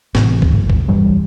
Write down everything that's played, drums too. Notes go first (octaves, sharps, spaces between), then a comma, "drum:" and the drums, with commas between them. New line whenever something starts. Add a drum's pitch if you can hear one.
G#1 A2 C3 E3, drum: snare
drum: kick
G1
drum: kick
D#1 G2 E3 G3